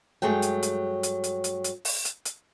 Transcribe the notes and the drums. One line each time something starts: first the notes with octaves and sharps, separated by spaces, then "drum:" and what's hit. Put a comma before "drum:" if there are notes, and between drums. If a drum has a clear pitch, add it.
G2 F#3 G#3 A3 G5
drum: hi-hat
drum: hi-hat
drum: hi-hat
drum: hi-hat
drum: hi-hat
drum: hi-hat
drum: open hi-hat
drum: hi-hat
drum: hi-hat